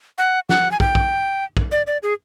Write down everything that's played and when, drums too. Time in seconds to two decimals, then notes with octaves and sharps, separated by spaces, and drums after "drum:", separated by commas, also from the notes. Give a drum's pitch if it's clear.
0.18 F#5
0.49 F#5, drum: snare
0.71 G#5
0.80 G5, drum: kick
0.95 drum: kick
1.57 drum: kick
1.72 D5
1.87 D5
2.03 G#4